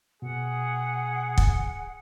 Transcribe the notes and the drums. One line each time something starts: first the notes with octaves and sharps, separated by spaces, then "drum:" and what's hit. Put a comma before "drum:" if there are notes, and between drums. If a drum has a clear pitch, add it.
B2 G#4 F#5
drum: kick